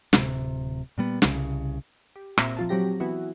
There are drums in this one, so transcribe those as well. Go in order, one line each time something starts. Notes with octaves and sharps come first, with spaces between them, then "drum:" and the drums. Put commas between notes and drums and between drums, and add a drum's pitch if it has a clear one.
D1 C3, drum: snare
A#2 G3 B3
C2 C#3, drum: snare
G4
A#2 C4 E5 A#5, drum: rim click
F3 F4 A5
F#3 C4 G4 A#6
E3 B3 E4 F#4